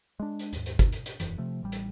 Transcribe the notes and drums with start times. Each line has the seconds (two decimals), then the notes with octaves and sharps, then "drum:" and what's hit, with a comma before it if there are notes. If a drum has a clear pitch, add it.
0.20 G#3 D4
0.39 drum: hi-hat
0.53 D#2 G#2, drum: hi-hat
0.66 drum: hi-hat
0.79 drum: kick, hi-hat
0.93 drum: hi-hat
1.06 drum: hi-hat
1.20 E1 F#2 E3, drum: hi-hat
1.38 C3 F3 A3
1.63 A1 G3
1.72 drum: hi-hat